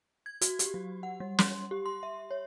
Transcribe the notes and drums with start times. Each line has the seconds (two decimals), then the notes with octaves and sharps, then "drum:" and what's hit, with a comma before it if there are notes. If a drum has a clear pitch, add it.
0.26 G#6
0.41 F#4, drum: hi-hat
0.59 G4, drum: hi-hat
0.74 F#3
1.03 F#5
1.20 G3
1.38 C6, drum: snare
1.71 G4
1.86 C6
2.03 E5
2.31 C#5